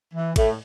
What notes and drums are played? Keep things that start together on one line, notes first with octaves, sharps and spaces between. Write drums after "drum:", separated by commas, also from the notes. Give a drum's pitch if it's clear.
E3
A2 A3, drum: kick, cymbal